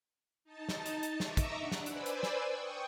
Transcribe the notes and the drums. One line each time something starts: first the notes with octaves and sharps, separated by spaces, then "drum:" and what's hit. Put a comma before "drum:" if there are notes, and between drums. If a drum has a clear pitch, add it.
D#4 A5 A6
drum: snare
drum: hi-hat
drum: hi-hat
D#5 E5 A#5 C#6 D6 E6, drum: snare
drum: kick, hi-hat
D4 F#5
drum: snare
B4 C5 D5 G#5 B5 E6, drum: hi-hat
drum: hi-hat
drum: snare
G5 C#6 D#6